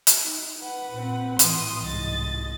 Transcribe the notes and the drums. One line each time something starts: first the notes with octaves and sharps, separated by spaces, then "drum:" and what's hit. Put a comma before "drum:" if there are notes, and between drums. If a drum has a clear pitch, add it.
drum: hi-hat
D#4
B4 F#5
A#2 C4
A2 E3 C6 D#6, drum: hi-hat
C2 G#2 D#5 A6